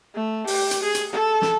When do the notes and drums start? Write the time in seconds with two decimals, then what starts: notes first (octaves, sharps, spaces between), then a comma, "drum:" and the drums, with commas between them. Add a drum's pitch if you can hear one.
0.15 A3
0.47 G4, drum: open hi-hat
0.71 drum: hi-hat
0.83 G#4
0.95 drum: hi-hat
1.13 A4
1.42 drum: snare